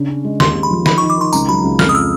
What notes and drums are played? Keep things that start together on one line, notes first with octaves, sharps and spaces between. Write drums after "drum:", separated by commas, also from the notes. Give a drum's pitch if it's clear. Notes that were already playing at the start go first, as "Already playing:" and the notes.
Already playing: C#3 D4
C#4
G#3
D#2 C6, drum: snare
D#2
B5
F3
D#3 B5, drum: snare
D#3 C#6
D6
D#3 C6
C#2 A#5, drum: tambourine
F#3 B5
C#2
F2 F6, drum: snare
D#6
E6